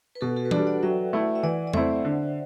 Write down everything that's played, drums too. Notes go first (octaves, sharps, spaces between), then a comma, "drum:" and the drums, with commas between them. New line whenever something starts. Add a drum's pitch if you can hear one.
B4
B2 F#4 A4
F#4 A4
B4
G3 D4 F#4 A4, drum: tom E3
D5 F#5
F#3 E5 G5
A3 E4
E5
E3 D5 F#5
D5
A3 C4 E4 C5 E5, drum: tom E2
D3